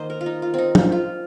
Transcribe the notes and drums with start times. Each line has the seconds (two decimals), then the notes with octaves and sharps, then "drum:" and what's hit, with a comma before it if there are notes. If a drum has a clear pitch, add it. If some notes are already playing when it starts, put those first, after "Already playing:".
Already playing: D#3 A#3 C5 D#5
0.10 A#4
0.21 F4
0.26 D#4
0.42 F4
0.54 C4 D#4
0.75 F4, drum: tom
0.92 F4